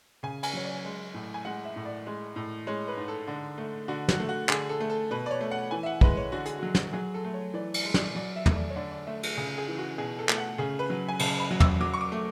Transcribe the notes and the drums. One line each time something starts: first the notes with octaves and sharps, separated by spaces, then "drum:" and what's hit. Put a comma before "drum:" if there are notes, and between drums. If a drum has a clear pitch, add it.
C#3 G#5
G#5, drum: cymbal
F#3 C#5
D5
G#3
A2
G#5
G#3 F#5
E5
A2
D5
G#3
A2
G#3 C#5
B4
G#2
A4
D3
A3
D3 F#4
F#4, drum: snare
A3
F#4
D3 G#4, drum: clap
A4
A3
A4
B2 B4
D5
C#5
A3
F#5
E3 G#5
E5
F#5
G#3 B4, drum: kick
C#5
D3 F#4
G#4, drum: hi-hat
F#3 F#4
drum: snare
F#3 G#4
A4
A3
C#5
E3 D5
D5, drum: cymbal
G#3
D5, drum: snare
F#3 D5
E5
A3, drum: tom
D5
C#5
D3 D5
D5
A3 E5
drum: cymbal
C#3 G#4
G#4
E3
F#4
B2 G#4
A4
A3, drum: clap
F#5
C#3 G#4
B4
F#3
G#5
C#3 A5, drum: cymbal
B5
F#3
E6, drum: tom
F#3 D6
C#6
D6
A3